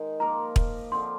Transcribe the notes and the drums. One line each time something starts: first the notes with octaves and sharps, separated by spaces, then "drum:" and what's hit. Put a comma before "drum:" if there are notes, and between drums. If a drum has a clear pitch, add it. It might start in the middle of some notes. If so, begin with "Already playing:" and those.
Already playing: D#3 G#3 D#4
F3 A#3 F4 A#4 A#5
drum: kick
D3 F3 C4 C6